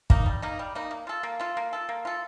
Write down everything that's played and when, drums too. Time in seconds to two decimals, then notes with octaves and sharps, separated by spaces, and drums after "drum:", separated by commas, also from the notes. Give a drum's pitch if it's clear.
0.10 A#3 D#4, drum: kick
0.26 G3
0.42 A#3 D#4
0.59 G3
0.75 A#3 D#4
0.91 A#3
1.07 F4 A4
1.23 A#3
1.39 F4 A4
1.57 A#3
1.73 F4 A4
1.89 A#3
2.05 F4 A4